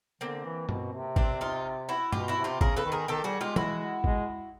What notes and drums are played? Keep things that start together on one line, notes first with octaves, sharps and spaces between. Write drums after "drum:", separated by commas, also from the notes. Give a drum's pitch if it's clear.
D3 A#3 C4
E3
B2, drum: tom G2
C3
C4 D4, drum: kick G#1
D#4 F4
E4 F#4
B2 F4 G4, drum: tom G2
E4 F#4
C3
F4 G4
C#3 G#4 A#4, drum: kick G#1
A4 B4
D#3
G#4 A#4
D#3 G4 A4
G3 F#4 G#4
G#3 F4 G4
E4 F#4, drum: tom
G#3, drum: kick G#1